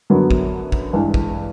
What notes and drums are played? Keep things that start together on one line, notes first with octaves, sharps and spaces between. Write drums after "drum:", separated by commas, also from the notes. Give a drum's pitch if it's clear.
F#2 D3 F#3 B3
drum: kick
drum: kick
G2 E3 G#3
drum: kick